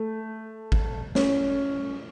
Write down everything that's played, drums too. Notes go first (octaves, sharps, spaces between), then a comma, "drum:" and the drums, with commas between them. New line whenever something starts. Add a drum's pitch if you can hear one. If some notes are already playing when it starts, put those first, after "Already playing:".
Already playing: A3
drum: kick G#1
C#4, drum: snare